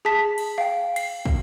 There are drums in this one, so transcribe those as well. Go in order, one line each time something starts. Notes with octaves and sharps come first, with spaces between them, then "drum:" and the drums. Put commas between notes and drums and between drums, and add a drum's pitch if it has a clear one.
G#4 A5 B6
drum: cymbal
F5 G5
C7, drum: cymbal
drum: kick